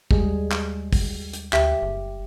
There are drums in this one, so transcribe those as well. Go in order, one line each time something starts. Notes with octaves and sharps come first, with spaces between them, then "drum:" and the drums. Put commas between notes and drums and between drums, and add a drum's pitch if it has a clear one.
D#2 G3 G#3 G#4, drum: kick
drum: clap
drum: kick, open hi-hat
drum: hi-hat
D2 G4 E5, drum: clap
F#1